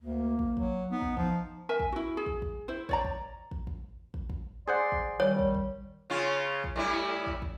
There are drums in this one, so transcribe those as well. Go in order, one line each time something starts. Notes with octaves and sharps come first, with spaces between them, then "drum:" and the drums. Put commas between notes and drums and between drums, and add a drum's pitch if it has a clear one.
D2 A#3
drum: kick
F#3, drum: kick
B3 D#4
drum: kick
F3, drum: kick
A#4 E5 G#5
drum: kick
E4 F#4
G#4
drum: kick
drum: kick
E4 C5
C#5 D5 A#5, drum: kick
drum: kick
drum: kick
drum: kick
drum: kick
drum: kick
G#4 C5 D5 F#5 C6
drum: kick
D#3 G3 C#5
drum: kick
drum: kick
C#3 C#4 F4
drum: kick
A2 G3 E4
drum: kick
drum: kick